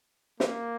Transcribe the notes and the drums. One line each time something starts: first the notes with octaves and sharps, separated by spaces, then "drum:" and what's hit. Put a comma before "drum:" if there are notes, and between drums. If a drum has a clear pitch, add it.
A#3, drum: snare